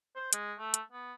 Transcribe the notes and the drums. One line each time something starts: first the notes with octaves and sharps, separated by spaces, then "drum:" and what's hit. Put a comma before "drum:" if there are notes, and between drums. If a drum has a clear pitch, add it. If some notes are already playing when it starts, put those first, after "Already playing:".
C5
G#3, drum: hi-hat
A3
drum: hi-hat
B3